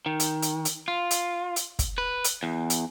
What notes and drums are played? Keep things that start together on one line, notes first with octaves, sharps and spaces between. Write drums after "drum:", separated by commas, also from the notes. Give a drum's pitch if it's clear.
D#3
drum: hi-hat
drum: hi-hat
drum: hi-hat
F4
drum: hi-hat
drum: hi-hat
drum: kick, hi-hat
B4
drum: hi-hat
E2
drum: hi-hat